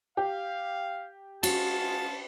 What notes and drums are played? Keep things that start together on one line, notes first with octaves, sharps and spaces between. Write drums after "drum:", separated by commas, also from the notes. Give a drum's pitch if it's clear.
G4 F5
G#3 F4 F#4 G#4 A5, drum: cymbal